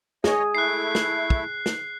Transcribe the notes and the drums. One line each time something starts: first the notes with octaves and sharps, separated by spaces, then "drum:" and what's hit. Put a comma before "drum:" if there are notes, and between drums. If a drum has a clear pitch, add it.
G#4 C#5 D#5, drum: snare
A3 E4 F#6 C7
drum: snare
drum: kick
drum: snare